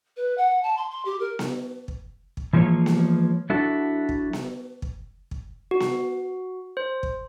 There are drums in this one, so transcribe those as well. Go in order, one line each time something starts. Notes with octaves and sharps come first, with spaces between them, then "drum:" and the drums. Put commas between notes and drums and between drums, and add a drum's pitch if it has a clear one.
B4
F#5
A5
C6
C6
G4
A#4
drum: snare B3
drum: kick
drum: kick
E3 F3 G#3 A#3 C#5
drum: snare B3
F#3 D4 E4 F#4 A4
drum: kick
drum: snare B3
drum: kick
drum: kick
F#4
drum: snare B3
C5
drum: kick